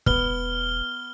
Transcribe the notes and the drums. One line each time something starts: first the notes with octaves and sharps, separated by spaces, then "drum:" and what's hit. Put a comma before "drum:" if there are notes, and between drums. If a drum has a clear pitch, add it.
E1 B3 F6 G7, drum: kick